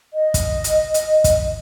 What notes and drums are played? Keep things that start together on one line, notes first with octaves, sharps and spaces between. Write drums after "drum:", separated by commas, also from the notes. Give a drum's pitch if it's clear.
D#5
drum: kick, hi-hat
drum: hi-hat
drum: hi-hat
drum: kick, hi-hat